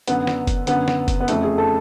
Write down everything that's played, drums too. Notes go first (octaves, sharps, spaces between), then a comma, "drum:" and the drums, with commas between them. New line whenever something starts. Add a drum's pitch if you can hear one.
F#2 D3 B3, drum: hi-hat
drum: snare
drum: kick F1, hi-hat
F#2 D3 B3, drum: hi-hat
drum: snare
drum: kick F1, hi-hat
B3
F2 C#3 A3, drum: hi-hat
G#4
A4